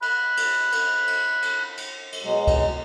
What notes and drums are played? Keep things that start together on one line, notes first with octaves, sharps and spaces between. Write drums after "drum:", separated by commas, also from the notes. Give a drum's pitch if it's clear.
B5 F#6, drum: cymbal
drum: cymbal
drum: cymbal
drum: cymbal
drum: cymbal
drum: cymbal
drum: cymbal
B2 F#3 G#3
drum: kick C#2, cymbal